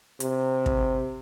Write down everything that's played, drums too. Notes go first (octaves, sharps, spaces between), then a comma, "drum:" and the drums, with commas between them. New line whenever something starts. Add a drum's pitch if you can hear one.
C3, drum: hi-hat
drum: kick